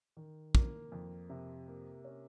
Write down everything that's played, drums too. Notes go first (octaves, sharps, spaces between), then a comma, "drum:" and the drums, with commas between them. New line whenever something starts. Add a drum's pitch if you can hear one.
D#3
A#3, drum: kick
F2
C3
A#3
C#4